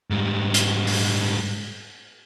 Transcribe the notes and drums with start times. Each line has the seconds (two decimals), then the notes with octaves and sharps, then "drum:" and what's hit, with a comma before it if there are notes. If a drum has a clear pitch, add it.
0.10 G#2 G3
0.54 drum: hi-hat
0.87 drum: open hi-hat